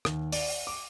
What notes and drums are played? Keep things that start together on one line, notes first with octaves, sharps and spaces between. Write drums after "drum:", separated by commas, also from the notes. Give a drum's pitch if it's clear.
D#2, drum: rim click
D5, drum: open hi-hat
D6